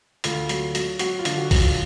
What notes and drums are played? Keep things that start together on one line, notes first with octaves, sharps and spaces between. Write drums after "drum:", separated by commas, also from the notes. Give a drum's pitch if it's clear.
D2 F4, drum: hi-hat
F#3, drum: hi-hat
F#3, drum: hi-hat
F#3 F#4, drum: hi-hat
F4
D3, drum: hi-hat
F#4
F#3, drum: kick, open hi-hat
F4